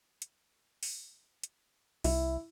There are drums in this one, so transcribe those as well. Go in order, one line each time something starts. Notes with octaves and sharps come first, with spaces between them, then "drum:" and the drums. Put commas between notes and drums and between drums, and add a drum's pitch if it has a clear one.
drum: hi-hat
drum: open hi-hat
drum: hi-hat
C2 E4, drum: open hi-hat